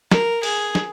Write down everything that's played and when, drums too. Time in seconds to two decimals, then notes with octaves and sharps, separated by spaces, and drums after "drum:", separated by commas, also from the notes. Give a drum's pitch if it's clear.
0.12 A#4, drum: snare
0.43 G#4, drum: open hi-hat
0.75 drum: snare